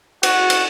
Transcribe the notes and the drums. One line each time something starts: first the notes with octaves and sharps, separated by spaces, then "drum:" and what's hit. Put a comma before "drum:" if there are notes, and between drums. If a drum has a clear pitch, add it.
F#4, drum: cymbal
drum: cymbal